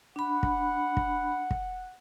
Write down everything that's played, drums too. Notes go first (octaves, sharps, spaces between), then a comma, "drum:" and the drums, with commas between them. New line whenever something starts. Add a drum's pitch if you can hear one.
D4 F#5 B5
drum: kick
drum: kick
drum: kick